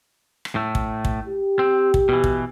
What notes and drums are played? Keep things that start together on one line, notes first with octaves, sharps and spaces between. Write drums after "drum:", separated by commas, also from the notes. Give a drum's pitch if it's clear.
drum: rim click
A2 A3
drum: kick
drum: kick
G4
C4
drum: kick
B2 E3
drum: kick